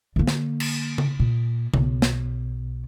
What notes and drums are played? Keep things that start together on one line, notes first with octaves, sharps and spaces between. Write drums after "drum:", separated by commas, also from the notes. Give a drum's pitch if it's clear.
D3 A#3
drum: snare
drum: cymbal
drum: tom C#3
A#2
B1, drum: tom C#3
drum: snare